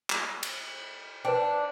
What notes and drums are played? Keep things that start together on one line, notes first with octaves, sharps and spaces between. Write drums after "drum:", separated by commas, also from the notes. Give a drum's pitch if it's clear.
drum: clap
drum: cymbal
D4 B4 C5 G5